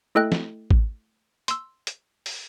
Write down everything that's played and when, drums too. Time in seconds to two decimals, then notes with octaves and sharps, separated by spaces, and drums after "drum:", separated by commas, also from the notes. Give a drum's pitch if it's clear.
0.15 A3 E4 A4 D#5 G5 F#6
0.32 drum: snare
0.71 drum: kick G#1
1.48 C6 E6, drum: hi-hat
1.87 drum: hi-hat
2.26 drum: open hi-hat